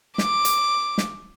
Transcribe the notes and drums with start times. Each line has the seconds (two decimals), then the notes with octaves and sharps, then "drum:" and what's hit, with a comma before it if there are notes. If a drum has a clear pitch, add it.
0.18 D6, drum: snare
0.45 drum: hi-hat
0.98 drum: snare